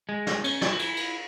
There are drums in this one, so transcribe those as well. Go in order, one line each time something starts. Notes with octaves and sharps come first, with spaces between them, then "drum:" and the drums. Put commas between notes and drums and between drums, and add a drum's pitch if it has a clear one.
G#3
drum: snare
C#4, drum: cymbal
E4, drum: snare
F#4
E4, drum: cymbal
drum: cymbal